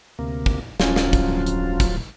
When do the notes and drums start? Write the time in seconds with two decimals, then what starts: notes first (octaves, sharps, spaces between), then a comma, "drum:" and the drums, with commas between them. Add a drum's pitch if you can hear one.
0.19 D2 C3 A#3
0.46 drum: kick
0.80 D1 G1 G2 F3 F#3 C#4 F4, drum: snare
0.96 drum: snare
1.13 drum: kick, hi-hat
1.46 drum: hi-hat
1.80 drum: kick, hi-hat